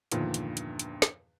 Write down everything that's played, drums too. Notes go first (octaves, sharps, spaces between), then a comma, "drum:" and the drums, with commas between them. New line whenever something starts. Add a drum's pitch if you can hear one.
E2 G2 A#2 D3 D#3 F3, drum: hi-hat
drum: hi-hat
drum: hi-hat
drum: hi-hat
drum: snare